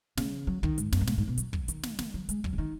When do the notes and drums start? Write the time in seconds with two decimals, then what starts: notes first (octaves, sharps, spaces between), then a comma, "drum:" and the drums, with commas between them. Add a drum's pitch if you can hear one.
0.17 C#3, drum: snare
0.47 F#3
0.63 D#3, drum: kick
0.78 G#2, drum: hi-hat
0.92 F#2, drum: snare
1.01 B2
1.07 G#2, drum: snare
1.18 G#2
1.28 B2
1.38 F#3, drum: hi-hat
1.53 F#3, drum: kick
1.68 D#3, drum: hi-hat
1.83 drum: snare
1.99 D#3, drum: snare
2.14 F#3
2.29 G#3, drum: hi-hat
2.44 F#3, drum: kick
2.53 C#3
2.58 D#3